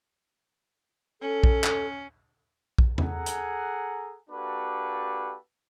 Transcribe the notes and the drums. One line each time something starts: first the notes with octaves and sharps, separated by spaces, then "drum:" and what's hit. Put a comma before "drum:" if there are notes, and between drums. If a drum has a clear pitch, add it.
C#4 A4
drum: kick
drum: clap
drum: kick
G#4 A4 F#5 G#5 A#5, drum: tom E2
drum: hi-hat
A#3 D4 F#4 G4 A4 B4